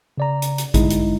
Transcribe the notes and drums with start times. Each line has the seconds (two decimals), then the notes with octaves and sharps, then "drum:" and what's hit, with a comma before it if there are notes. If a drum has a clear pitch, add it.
0.18 C#3 D5 A#5
0.42 drum: hi-hat
0.58 drum: hi-hat
0.74 G1 G#3 D#4 E4, drum: kick A1, hi-hat
0.90 drum: hi-hat